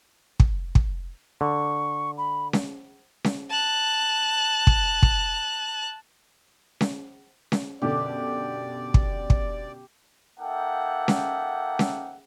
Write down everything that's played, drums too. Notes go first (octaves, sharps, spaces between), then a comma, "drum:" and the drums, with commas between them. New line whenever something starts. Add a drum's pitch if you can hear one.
drum: kick
drum: kick
D3 C#6
B5
drum: snare C#4
drum: snare C#4
A5 F#6
drum: kick
drum: kick
drum: snare C#4
drum: snare C#4
F#2 B2 D3 G4 D5
drum: kick
drum: kick
A#3 D#4 A4 E5 F#5 G5
drum: snare C#4
drum: snare C#4